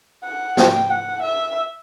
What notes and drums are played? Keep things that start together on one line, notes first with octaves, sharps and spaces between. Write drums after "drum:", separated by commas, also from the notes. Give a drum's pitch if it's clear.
F#5
G5, drum: snare
F#5
E5